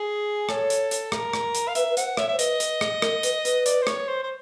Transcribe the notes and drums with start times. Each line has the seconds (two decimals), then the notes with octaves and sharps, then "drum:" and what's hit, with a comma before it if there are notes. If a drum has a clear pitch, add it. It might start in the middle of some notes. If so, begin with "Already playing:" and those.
Already playing: G#4
0.49 A4 C#5, drum: rim click
0.70 drum: hi-hat
0.91 drum: hi-hat
1.12 A#4, drum: rim click
1.34 drum: rim click
1.55 drum: hi-hat
1.68 F5
1.75 B4 E5, drum: hi-hat
1.90 B4
1.97 C5 F#5, drum: hi-hat
2.17 C#5 E5, drum: rim click
2.28 C5 E5
2.39 B4 D#5, drum: hi-hat
2.60 drum: hi-hat
2.81 drum: rim click
3.02 A#4, drum: rim click
3.23 B4, drum: hi-hat
3.45 B4, drum: hi-hat
3.66 D5, drum: hi-hat
3.82 C5
3.87 C#5, drum: rim click
4.08 C5
4.23 C5